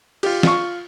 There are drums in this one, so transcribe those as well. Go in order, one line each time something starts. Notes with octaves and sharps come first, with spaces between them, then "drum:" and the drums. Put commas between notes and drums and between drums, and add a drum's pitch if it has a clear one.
F4 G4, drum: cymbal
F4 C#6, drum: snare